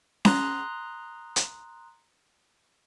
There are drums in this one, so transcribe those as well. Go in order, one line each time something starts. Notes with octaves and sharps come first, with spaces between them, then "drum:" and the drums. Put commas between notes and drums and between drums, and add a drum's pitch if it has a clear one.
A#5 C6 D#6 F#6, drum: snare C#4
drum: hi-hat